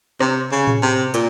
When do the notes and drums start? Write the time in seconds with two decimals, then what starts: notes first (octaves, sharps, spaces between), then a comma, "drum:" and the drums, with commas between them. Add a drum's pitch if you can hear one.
0.20 C3, drum: rim click
0.52 C#3
0.67 drum: tom A2
0.83 C3
1.14 A#2, drum: hi-hat